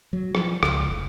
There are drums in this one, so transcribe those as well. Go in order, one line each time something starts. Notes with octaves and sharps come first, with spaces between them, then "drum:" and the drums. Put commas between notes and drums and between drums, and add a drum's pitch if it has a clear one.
F#3
F3, drum: rim click
C#2, drum: rim click
F1